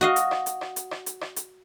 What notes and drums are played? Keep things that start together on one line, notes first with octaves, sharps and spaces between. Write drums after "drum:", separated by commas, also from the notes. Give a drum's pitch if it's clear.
F#4 D#5 F5
drum: hi-hat
drum: rim click
drum: hi-hat
drum: rim click
drum: hi-hat
drum: rim click
drum: hi-hat
drum: rim click
drum: hi-hat